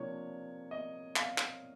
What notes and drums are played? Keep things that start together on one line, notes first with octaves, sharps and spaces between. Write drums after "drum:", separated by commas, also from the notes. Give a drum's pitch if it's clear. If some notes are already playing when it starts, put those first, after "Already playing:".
Already playing: C3 F3 A#3 D4 C#5
D#5
F5, drum: clap
drum: clap